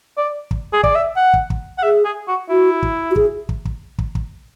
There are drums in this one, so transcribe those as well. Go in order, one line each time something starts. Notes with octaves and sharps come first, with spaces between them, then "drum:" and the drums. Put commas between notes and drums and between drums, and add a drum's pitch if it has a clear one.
D5
drum: kick
G#4
D5, drum: kick
E5
F#5
drum: kick
drum: kick
F#5
G#4 E5
G#4
F#4
E4 F#4
drum: kick
F#4
G#4, drum: kick
drum: kick
drum: kick
drum: kick
drum: kick